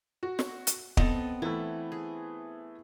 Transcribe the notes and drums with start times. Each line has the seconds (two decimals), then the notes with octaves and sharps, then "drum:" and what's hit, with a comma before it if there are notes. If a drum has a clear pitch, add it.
0.23 F#4
0.39 drum: snare
0.67 drum: hi-hat
0.97 B3 C4 A4 D#5, drum: kick
1.42 E3 A3 E4
1.92 G#4